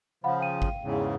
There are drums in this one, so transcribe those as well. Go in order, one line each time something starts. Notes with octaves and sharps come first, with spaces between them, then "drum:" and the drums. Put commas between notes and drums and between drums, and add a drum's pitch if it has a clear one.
C#3 F3 F5 F#5 B5
F5 G5 D#7
drum: kick G#1
E2 G#2 C#3